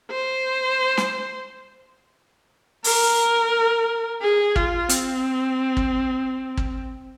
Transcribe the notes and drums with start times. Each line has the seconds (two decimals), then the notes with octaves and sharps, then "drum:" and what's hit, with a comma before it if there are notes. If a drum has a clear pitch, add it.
0.10 C5
0.97 drum: snare
2.84 A#4, drum: open hi-hat
4.22 G#4
4.56 F4, drum: kick
4.89 C4, drum: hi-hat
5.77 drum: kick
6.57 drum: kick